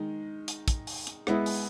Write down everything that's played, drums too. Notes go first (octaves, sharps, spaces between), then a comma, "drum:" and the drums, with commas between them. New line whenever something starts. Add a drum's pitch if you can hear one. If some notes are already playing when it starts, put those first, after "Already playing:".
Already playing: D#3 G#3 D#4
drum: hi-hat
drum: kick, hi-hat
drum: open hi-hat
drum: hi-hat
G#3 B3 E4, drum: rim click
drum: open hi-hat